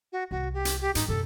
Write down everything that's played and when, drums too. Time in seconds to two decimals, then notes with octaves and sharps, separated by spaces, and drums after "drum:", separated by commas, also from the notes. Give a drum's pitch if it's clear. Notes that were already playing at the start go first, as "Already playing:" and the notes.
0.12 F#4
0.31 C2 F#4
0.54 G4
0.65 drum: hi-hat
0.81 G4
0.95 G#2 D#4, drum: hi-hat
1.08 F#2 B2 A4